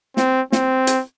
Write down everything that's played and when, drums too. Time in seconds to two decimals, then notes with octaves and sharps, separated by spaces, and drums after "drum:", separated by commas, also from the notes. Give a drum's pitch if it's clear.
0.17 C4, drum: snare
0.52 C4, drum: snare
0.87 drum: hi-hat